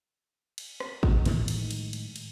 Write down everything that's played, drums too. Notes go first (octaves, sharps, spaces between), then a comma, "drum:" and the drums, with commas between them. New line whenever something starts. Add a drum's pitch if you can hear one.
drum: cymbal
drum: rim click
drum: kick G#1
A2 D#3 F3 G#3, drum: cymbal
drum: cymbal
drum: cymbal
drum: cymbal
drum: cymbal